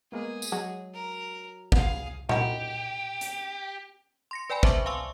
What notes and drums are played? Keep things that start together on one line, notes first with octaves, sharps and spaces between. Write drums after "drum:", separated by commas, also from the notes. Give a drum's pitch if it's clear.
G#3 A#3 B3 G#4
drum: tambourine
F#3 G#3 F#4
A#4
B3 F4 G#4 F5, drum: kick
D#4 F#4 G4 B5, drum: tom A#2
drum: hi-hat
C6 A#6 C#7
B4 D5 G5 G#5 B5
B4 C5 E5 A5 C#6 D6, drum: kick
F5 G#5 C6 C#6 E6